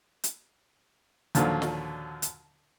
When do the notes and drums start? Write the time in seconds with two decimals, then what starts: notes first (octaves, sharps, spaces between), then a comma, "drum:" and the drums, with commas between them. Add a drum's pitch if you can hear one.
0.24 drum: hi-hat
1.35 D#2 A#2 D3 F3 F#3, drum: hi-hat
1.62 drum: snare
2.22 drum: hi-hat